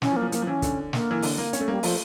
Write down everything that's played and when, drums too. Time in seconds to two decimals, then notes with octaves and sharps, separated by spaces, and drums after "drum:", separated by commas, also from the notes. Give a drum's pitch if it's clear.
0.02 E3 C#4, drum: snare
0.12 F3
0.16 A#3
0.22 F3
0.32 F3 A#3, drum: hi-hat
0.42 F3
0.47 E3 C#4
0.62 D3, drum: kick, hi-hat
0.93 A#3, drum: snare
1.11 E3
1.22 D3, drum: open hi-hat
1.38 A#3
1.53 C#4, drum: hi-hat
1.60 A3
1.68 G3 A#3
1.83 F3 A3, drum: open hi-hat